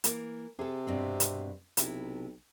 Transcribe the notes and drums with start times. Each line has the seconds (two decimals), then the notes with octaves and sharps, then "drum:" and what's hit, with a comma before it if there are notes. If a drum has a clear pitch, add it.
0.04 E3 A#3 A#4, drum: hi-hat
0.59 C3 G#4 A4
0.87 G2 B2 C4
1.20 drum: hi-hat
1.77 B1 C3 E4, drum: hi-hat